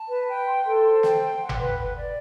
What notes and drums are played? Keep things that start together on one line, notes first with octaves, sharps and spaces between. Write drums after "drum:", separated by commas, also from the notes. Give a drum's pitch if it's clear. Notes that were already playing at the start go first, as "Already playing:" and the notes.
Already playing: A5
B4
G5
C6
A4
C5
G5, drum: snare
C6
F#5
drum: tom G1
B4
B4
D5